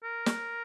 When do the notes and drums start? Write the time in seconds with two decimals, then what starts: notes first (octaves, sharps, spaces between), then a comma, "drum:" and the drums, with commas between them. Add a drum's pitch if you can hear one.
0.04 A#4
0.26 drum: snare